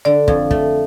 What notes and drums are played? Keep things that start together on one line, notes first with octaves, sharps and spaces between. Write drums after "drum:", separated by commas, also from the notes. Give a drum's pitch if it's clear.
D3 D5
F2, drum: kick
A3, drum: kick